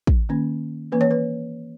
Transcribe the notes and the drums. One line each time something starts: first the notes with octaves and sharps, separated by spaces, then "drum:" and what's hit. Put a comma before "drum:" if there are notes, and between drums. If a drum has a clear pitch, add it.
drum: kick
D#3 A#3 C#4
E3 A#3 C#4 B4
C#5
B4